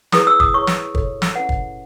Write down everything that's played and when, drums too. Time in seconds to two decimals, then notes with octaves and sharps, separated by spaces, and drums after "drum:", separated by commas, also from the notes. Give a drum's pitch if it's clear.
0.12 E4 G#4 B4 D#6, drum: snare
0.27 E6
0.40 D#6, drum: kick
0.54 E4 G#4 C#5 C#6
0.67 drum: snare
0.95 F#4 A4 C#5, drum: kick
1.22 drum: snare
1.36 C#4 E4 B4 F#5
1.49 drum: kick